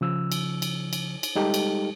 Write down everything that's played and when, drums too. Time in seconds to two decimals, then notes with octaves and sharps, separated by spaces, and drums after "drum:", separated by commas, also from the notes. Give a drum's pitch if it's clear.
0.01 C#3 F3 E6
0.32 drum: cymbal
0.62 drum: cymbal
0.93 drum: cymbal
1.23 drum: cymbal
1.35 G3 G#3 D#4 G4 A4
1.54 drum: cymbal